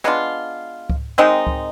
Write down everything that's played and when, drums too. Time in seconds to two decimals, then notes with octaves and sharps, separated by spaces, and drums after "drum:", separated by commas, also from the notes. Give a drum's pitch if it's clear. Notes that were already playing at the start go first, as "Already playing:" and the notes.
0.04 G#3 B3 D4 F4, drum: rim click
0.90 drum: kick C#2
1.18 D#3 G#3 C4 D#4
1.47 drum: kick C#2